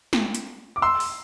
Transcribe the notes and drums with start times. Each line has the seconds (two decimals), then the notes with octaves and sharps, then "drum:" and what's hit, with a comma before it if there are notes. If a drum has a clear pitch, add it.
0.13 drum: snare
0.35 drum: hi-hat
0.76 D6
0.82 C6 E6
1.00 drum: open hi-hat